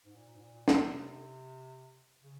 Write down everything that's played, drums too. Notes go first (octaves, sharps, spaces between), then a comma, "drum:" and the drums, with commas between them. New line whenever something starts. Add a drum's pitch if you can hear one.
G#2
A#2
A#2
G#2
A#2
A#2
C3, drum: snare
C#3